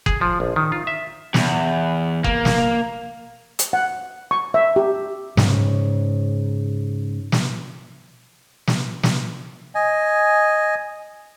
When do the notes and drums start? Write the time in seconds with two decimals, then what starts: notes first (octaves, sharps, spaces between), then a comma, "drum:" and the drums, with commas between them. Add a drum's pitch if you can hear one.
0.06 G#4, drum: kick F#1
0.21 F3
0.40 A#1
0.56 D#3
0.72 F4
0.87 E5
1.34 E2, drum: snare
2.24 A#3, drum: kick F#1
2.45 drum: snare
3.59 drum: hi-hat
3.73 F#5
4.31 C#6
4.54 E5
4.76 G4
5.37 G#2 C#3, drum: snare
7.32 drum: snare
8.67 drum: snare
9.03 drum: snare
9.75 D#5 G#5